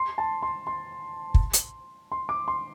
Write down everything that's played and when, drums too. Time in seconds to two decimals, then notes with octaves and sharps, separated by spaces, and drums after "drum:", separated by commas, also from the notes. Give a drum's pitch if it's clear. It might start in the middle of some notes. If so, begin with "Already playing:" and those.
Already playing: C6
0.18 A5
0.43 C6
0.67 C6
1.34 drum: kick
1.54 drum: hi-hat
2.12 C6
2.29 D6
2.48 C6